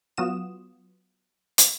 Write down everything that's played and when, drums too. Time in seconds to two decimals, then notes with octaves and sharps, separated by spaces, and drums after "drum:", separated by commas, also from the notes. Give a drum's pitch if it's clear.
0.17 F#3 B3 F4 F#4 D#6 E7
1.58 drum: hi-hat